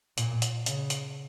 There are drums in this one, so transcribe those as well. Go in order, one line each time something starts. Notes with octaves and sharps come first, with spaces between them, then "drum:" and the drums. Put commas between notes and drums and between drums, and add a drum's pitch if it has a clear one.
A#2, drum: hi-hat
drum: hi-hat
C#3, drum: hi-hat
drum: hi-hat